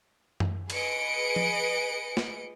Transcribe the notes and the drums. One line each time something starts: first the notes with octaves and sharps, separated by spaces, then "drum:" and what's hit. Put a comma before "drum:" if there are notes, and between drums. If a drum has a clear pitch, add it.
drum: tom F#2
G#4 B4 D#5 C#7 D7, drum: cymbal
drum: tom F3
drum: snare